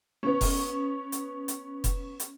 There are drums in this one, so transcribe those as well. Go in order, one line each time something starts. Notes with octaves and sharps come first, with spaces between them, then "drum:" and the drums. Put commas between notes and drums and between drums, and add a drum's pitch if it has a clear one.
B3 C#4
drum: kick F1, open hi-hat
drum: hi-hat
drum: hi-hat
drum: kick F1, hi-hat
drum: hi-hat